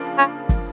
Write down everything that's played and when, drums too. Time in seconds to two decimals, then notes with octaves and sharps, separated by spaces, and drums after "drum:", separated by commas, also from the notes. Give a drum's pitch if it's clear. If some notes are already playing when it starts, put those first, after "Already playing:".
Already playing: C#3 F3 A#3 D4 F4
0.18 C#4
0.49 drum: kick